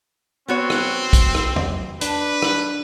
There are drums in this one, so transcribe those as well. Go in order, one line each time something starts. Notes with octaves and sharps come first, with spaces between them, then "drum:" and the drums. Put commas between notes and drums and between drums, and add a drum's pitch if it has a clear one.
B3 C4 F#4 C#5
drum: rim click
drum: kick, hi-hat
drum: rim click
drum: tom E2
D4 B4, drum: hi-hat
drum: rim click